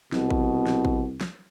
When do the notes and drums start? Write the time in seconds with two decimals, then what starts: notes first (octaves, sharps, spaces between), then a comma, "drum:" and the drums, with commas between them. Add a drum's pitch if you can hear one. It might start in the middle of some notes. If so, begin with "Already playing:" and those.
0.12 C2 B2, drum: snare
0.31 drum: kick A1
0.67 drum: snare
0.85 drum: kick A1
1.21 drum: snare